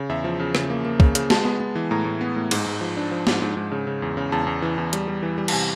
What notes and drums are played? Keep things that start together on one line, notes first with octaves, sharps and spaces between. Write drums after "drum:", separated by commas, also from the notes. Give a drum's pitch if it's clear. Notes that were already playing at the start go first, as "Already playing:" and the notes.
Already playing: C#3
E2 E5
F3
C#3
C#3, drum: rim click
A#3
A#3
C#3, drum: kick
C#3, drum: hi-hat
G#3 A5, drum: snare
B3
B3
E3
A2 A#5
A2
B3
A2
G#2, drum: cymbal
G#2
F3
D4
F3
G#2, drum: snare
G#2
G#2
C#3
C#3
E2
C#3
E2 A5
E2
E3
E2
G3, drum: hi-hat
G3
E3
G3
A5, drum: cymbal
C3 G#5